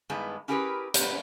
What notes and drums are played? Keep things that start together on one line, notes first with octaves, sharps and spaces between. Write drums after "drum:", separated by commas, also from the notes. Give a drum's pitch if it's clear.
G2 D#3 G#3 B3 E4 A5
C#4 E4 G4 G#4 A#4 B4
A#2 G4 B4, drum: hi-hat